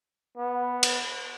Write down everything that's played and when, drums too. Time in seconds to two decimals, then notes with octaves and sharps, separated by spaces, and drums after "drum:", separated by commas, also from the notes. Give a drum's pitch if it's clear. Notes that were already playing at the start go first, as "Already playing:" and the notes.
0.37 B3
0.83 drum: cymbal